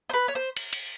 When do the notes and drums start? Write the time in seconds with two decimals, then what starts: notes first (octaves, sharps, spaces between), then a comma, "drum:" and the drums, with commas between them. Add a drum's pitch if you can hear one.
0.09 C5
0.13 B4
0.28 C#5
0.35 C5
0.57 drum: cymbal
0.73 drum: cymbal